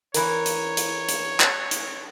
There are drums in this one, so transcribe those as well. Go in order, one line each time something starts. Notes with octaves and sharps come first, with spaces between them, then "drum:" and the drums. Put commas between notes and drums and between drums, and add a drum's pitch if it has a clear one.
E3 A#4 C#5, drum: hi-hat
drum: hi-hat
drum: hi-hat
drum: hi-hat
drum: clap
drum: hi-hat